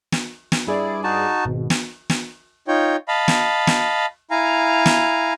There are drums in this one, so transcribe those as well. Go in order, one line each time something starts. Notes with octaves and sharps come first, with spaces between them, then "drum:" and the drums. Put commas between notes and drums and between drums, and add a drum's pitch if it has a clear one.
drum: snare
drum: snare
G2 E4 G#4 D5
D#4 F#4 A5
G#1 B2
drum: snare
drum: snare
D#4 F4 C#5 G5
D#5 F5 A5 B5
drum: snare
drum: snare
E4 F5 G#5 A#5
drum: snare